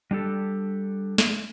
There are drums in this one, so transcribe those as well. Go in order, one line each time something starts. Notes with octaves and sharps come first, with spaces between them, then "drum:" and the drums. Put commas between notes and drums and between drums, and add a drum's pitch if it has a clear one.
G3 D4 G4 A4
drum: snare